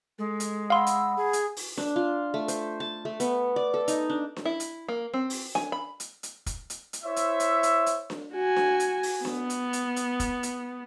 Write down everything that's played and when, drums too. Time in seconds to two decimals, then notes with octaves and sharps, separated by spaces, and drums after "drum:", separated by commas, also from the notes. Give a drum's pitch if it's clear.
0.19 G#3 A4
0.40 drum: hi-hat
0.70 F5 F#5 B5 C6 E6
0.87 drum: hi-hat
1.16 G#4
1.33 drum: hi-hat
1.57 drum: open hi-hat
1.77 D4, drum: snare D4
1.96 F4
2.34 A3
2.48 C5, drum: hi-hat
2.80 A5
3.05 A3
3.20 B3, drum: hi-hat
3.56 D5
3.74 A4
3.88 D#4, drum: hi-hat
4.10 D4
4.36 drum: snare D4
4.45 E4
4.60 drum: hi-hat
4.88 A#3
5.14 C4
5.30 drum: open hi-hat
5.55 G#5, drum: snare D4
5.72 B5
6.00 drum: hi-hat
6.23 drum: hi-hat
6.46 drum: kick, hi-hat
6.70 drum: hi-hat
6.93 drum: hi-hat
7.04 E4 C5 C#5 E5
7.16 drum: hi-hat
7.40 drum: hi-hat
7.63 drum: hi-hat
7.86 drum: hi-hat
8.10 drum: snare D4
8.33 F#4 G#5
8.56 drum: snare D4
8.80 drum: hi-hat
9.03 drum: open hi-hat
9.25 B3, drum: snare D4
9.50 drum: hi-hat
9.73 drum: hi-hat
9.96 drum: hi-hat
10.20 drum: kick, hi-hat
10.43 drum: hi-hat